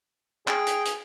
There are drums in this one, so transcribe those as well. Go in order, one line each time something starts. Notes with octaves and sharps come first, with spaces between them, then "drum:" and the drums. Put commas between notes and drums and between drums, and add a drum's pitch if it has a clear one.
G#4 G5, drum: clap
drum: hi-hat
drum: hi-hat